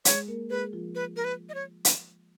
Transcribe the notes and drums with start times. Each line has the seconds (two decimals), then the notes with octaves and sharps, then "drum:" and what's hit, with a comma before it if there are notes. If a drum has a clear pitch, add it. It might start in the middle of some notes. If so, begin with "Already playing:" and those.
0.05 G#3 G#4 C#5, drum: hi-hat
0.28 A#3 A#4
0.50 G#3 G#4 B4
0.73 F3 F4
0.95 B4
1.16 A#4
1.24 B4
1.49 D#5
1.54 C#5
1.85 drum: hi-hat